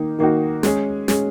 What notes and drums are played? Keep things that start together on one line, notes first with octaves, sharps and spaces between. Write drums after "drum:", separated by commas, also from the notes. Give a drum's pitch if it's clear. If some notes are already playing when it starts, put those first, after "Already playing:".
Already playing: D#3 A#3 D#4
D#3 A#3 D#4 F#4
G#3 C#4 G#4, drum: snare
G#3 C#4 G#4, drum: snare